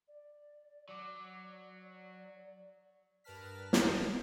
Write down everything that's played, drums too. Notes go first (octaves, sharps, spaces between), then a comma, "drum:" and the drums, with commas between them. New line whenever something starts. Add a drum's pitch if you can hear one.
D5
F#3 D6
D5
D5
G2 A#4 B4 A5 F6 B6
drum: snare